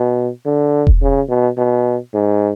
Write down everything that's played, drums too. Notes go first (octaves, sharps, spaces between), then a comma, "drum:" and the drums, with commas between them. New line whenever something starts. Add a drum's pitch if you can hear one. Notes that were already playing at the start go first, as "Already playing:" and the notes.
Already playing: B2
D3
drum: kick E1
C#3
B2
B2
G#2